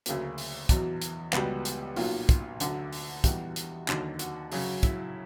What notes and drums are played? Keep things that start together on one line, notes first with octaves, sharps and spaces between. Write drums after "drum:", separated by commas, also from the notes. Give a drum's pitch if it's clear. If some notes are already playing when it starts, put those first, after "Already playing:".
D2 C#3 F#3 A#3, drum: hi-hat
drum: open hi-hat
E2 B2 F#3, drum: kick, hi-hat
drum: hi-hat
C#2 B2 G3 B3, drum: clap
drum: hi-hat
B1 A#2 F#3 F4, drum: open hi-hat
drum: kick, hi-hat
D2 D3 F#3 F#4, drum: hi-hat
drum: open hi-hat
E2 B2 G3 F#4, drum: kick, hi-hat
drum: hi-hat
D#2 D3 F#3, drum: clap
F#4, drum: hi-hat
F#2 C#3 F#3, drum: open hi-hat
E4, drum: kick, hi-hat